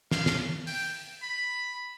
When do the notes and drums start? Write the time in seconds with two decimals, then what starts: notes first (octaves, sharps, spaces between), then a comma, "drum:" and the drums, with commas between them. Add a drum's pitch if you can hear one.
0.11 F5, drum: snare
0.26 drum: snare
0.67 G5, drum: open hi-hat
1.22 B5